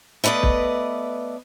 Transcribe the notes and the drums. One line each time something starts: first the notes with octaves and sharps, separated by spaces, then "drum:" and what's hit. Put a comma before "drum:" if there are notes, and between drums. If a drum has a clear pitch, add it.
A3 B3 B4 D5 D#5
drum: kick